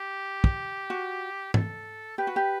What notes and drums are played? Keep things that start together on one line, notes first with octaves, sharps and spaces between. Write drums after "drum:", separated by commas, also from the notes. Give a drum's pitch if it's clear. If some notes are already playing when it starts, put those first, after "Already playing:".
Already playing: G4
drum: kick
F#4
A4, drum: tom G#2
G4 B4
F#4
G4